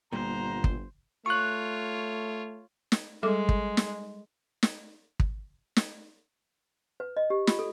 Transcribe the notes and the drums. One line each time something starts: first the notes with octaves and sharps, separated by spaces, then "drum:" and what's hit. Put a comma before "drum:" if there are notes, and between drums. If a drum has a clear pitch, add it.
G1 A#2 G3 G4 C5 F#5 A#5
drum: kick
A3 F4 C#5 C#6 F#6
drum: snare
G3 G#3 A4 D6
drum: kick
drum: snare
drum: snare
drum: kick
drum: snare
B4
D#5
G4
F4, drum: snare
A4